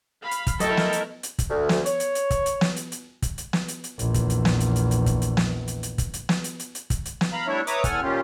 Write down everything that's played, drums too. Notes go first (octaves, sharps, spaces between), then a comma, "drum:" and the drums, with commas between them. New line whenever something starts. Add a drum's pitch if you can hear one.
F5 B5
drum: hi-hat
drum: kick, hi-hat
F#3 A3 E4 A4 A#4 D#5 G5, drum: hi-hat
drum: snare
drum: hi-hat
drum: hi-hat
drum: kick, hi-hat
D2
drum: snare
C#5, drum: hi-hat
drum: hi-hat
drum: hi-hat
drum: kick, hi-hat
drum: hi-hat
drum: snare
drum: hi-hat
drum: hi-hat
drum: kick, hi-hat
drum: hi-hat
drum: snare
drum: hi-hat
drum: hi-hat
A#1 E2, drum: hi-hat
drum: kick, hi-hat
drum: hi-hat
drum: snare
drum: hi-hat
drum: hi-hat
drum: hi-hat
drum: kick, hi-hat
drum: hi-hat
drum: snare
drum: hi-hat
drum: hi-hat
drum: kick, hi-hat
drum: hi-hat
drum: snare
drum: hi-hat
drum: hi-hat
drum: hi-hat
drum: kick, hi-hat
drum: hi-hat
drum: snare
F5 A#5 B5
G3 A3 D4 E4 C#5 E5
B4 C#5 E5 A#5 D6 D#6, drum: hi-hat
E2 A4 F#5 G#5 F6, drum: kick, hi-hat
A#2 D#3 C#4 F4 G4